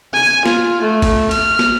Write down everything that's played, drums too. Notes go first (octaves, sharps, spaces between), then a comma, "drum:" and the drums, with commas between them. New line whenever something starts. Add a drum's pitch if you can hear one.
G#5
F4, drum: snare
A3
drum: kick A1, cymbal
F6, drum: cymbal
drum: snare